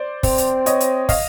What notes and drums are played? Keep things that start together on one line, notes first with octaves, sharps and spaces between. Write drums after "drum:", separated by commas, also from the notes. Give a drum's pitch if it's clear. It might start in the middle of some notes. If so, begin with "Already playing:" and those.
Already playing: C5 D5
C4, drum: kick, open hi-hat
drum: hi-hat
C#5 D#5, drum: hi-hat
drum: hi-hat
D#5 F5, drum: kick, open hi-hat